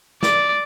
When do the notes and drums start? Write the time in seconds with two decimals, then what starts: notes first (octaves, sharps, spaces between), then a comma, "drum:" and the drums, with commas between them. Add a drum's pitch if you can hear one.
0.23 D5, drum: snare